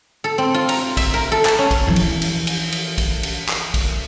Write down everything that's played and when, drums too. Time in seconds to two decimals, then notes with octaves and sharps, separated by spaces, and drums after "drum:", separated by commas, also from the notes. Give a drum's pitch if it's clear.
0.24 A4
0.38 C4
0.54 F4
0.69 A#5, drum: cymbal
0.97 E5, drum: kick, cymbal
1.14 A#4
1.32 A4
1.45 A5, drum: clap
1.59 C#4
1.71 drum: kick, cymbal
1.87 E3 F3
1.96 drum: cymbal
2.22 drum: cymbal
2.47 drum: cymbal
2.72 drum: cymbal
2.98 drum: kick, cymbal
3.23 drum: cymbal
3.49 drum: clap
3.74 drum: kick, cymbal